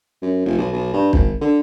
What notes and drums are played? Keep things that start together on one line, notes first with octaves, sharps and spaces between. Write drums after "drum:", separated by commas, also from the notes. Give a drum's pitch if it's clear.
F#2
F1
B1
B1
G2
G#1, drum: kick
D3